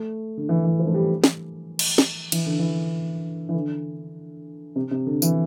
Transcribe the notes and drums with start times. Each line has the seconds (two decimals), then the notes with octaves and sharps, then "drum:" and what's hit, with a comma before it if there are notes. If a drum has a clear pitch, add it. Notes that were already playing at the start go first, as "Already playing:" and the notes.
Already playing: A3
0.37 D3
0.49 E3
0.65 E3
0.79 F3
0.87 A3
0.95 G3
1.24 drum: snare
1.79 drum: cymbal
1.98 drum: snare
2.32 E3, drum: cymbal
2.46 D3
2.59 E3
3.49 E3
3.54 D3
4.76 C3
4.91 C3
5.06 D3
5.22 E3, drum: tambourine